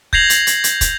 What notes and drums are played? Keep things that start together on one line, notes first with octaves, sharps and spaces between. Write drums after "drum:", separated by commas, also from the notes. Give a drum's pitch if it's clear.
G6 G#6 A#6 C7 F7 F#7, drum: kick
drum: hi-hat
drum: hi-hat
drum: hi-hat
drum: kick, hi-hat